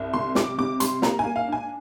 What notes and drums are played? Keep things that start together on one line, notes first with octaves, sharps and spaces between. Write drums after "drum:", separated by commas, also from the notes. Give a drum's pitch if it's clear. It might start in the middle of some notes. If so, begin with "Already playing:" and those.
Already playing: C2
C3 C6
G3 D6, drum: snare
C3 D6
G3 C6, drum: hi-hat
A#3 A#5, drum: snare
G#5
A#3
F5
D4 G#5